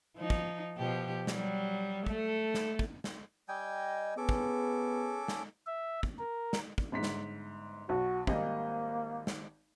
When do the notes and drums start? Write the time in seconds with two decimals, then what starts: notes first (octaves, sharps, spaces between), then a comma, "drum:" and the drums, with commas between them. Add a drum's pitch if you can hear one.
0.17 F3 D#4
0.30 drum: kick
0.77 B2 F3 G4
1.27 F#3 G3, drum: snare
2.07 A3 A4, drum: kick
2.54 drum: snare
2.79 drum: kick
3.04 drum: snare
3.48 G3 D#5 G5 G#5
4.17 B3 C#4 G#4 A4 D6
4.29 drum: kick
5.28 drum: snare
5.67 E5
6.03 drum: kick
6.19 A#4
6.53 drum: snare
6.78 drum: kick
6.92 G1 G#2 B6
7.03 drum: snare
7.89 B1 F#4
8.27 G#1 G3 A#3 D#5, drum: kick
9.27 drum: snare